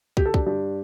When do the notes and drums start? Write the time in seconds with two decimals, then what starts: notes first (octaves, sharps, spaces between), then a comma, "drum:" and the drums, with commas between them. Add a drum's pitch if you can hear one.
0.17 D3 G4, drum: kick
0.26 A4
0.34 D4 G4, drum: kick
0.46 G2 D4 G4